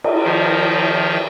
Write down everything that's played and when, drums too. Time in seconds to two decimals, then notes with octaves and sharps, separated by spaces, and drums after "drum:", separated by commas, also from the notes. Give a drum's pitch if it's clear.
0.04 drum: cymbal
0.24 D#3 F3